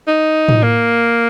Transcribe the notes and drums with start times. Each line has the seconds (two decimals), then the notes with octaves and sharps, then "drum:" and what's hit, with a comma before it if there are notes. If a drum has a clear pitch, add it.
0.08 D#4
0.49 drum: tom A2
0.63 A#3